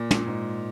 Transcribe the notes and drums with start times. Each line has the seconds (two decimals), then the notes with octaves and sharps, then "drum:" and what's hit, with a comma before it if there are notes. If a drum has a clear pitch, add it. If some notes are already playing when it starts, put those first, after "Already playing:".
Already playing: A#2
0.11 A#2, drum: tom
0.27 G#2